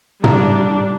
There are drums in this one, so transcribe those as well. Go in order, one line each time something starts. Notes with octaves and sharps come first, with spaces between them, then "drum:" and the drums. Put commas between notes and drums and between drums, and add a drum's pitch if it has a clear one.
G3 D4 A#5, drum: tom